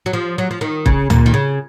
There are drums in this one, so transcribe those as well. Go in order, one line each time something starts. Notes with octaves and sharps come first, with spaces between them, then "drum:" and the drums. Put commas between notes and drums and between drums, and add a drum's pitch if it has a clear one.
F#3
F3
F#3
F3
D#3
C#3, drum: kick
A#2, drum: tom C#2
D#3
C#3